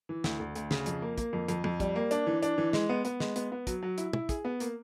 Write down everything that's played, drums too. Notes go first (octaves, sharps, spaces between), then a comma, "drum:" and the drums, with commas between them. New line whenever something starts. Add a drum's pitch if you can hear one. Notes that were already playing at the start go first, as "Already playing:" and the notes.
E3
D2, drum: snare
D2
D2, drum: hi-hat
C#3, drum: snare
F2, drum: hi-hat
A#3
A#3, drum: kick, hi-hat
F2
F2, drum: hi-hat
F2, drum: tom
G3, drum: kick, hi-hat
A#3
D4, drum: hi-hat
E3
D4, drum: hi-hat
E3
G#3, drum: snare
B3
B3, drum: hi-hat
G#3, drum: snare
B3, drum: hi-hat
B3
F#3, drum: kick, hi-hat
F#3
E4, drum: hi-hat
E4, drum: tom
G#4, drum: kick, hi-hat
B3
A#3, drum: hi-hat